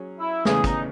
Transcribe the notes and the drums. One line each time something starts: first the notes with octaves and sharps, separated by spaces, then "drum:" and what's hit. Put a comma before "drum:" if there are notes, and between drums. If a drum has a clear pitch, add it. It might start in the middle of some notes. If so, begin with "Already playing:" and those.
Already playing: F#3 C#4 G#4
E4
E2 C#3 E3 A3 G#4, drum: snare
D#4, drum: kick, hi-hat